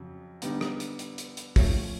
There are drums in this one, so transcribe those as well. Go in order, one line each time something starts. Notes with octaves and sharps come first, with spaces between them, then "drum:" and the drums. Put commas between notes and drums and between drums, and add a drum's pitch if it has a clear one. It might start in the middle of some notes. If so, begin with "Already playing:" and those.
Already playing: F2 C#3 F#3
D3 G3 B3 D#4 G4, drum: hi-hat
drum: rim click
drum: hi-hat
drum: hi-hat
drum: hi-hat
drum: hi-hat
F3 A3 C#4, drum: kick, open hi-hat